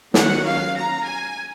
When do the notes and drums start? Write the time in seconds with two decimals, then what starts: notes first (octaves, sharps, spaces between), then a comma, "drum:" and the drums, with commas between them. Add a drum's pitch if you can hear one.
0.14 D#3 F#3 C#4 F#5, drum: snare
0.45 F5
0.76 A#5
1.05 G#5